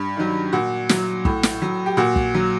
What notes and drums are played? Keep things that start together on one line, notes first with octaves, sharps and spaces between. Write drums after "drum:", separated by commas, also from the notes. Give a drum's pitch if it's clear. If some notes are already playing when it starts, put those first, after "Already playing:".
Already playing: G2
D#3 F#3
A#2 F#4
F#3, drum: snare
A2, drum: kick
drum: snare
F#3
G4
A#2 F#4
drum: kick
F#3